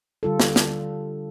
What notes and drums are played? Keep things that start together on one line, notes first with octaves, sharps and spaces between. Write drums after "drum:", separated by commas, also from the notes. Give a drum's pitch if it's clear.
D3 G3 F4 A4
drum: snare
drum: snare